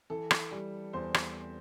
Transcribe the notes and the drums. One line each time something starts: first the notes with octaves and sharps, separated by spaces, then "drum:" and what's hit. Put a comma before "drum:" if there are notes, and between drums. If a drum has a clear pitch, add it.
E3 A4
drum: rim click
G3
E2 C5
drum: rim click